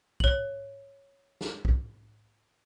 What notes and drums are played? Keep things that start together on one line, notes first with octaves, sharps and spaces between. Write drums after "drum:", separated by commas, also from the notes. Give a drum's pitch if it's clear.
C#5 F#7, drum: kick
drum: snare
drum: kick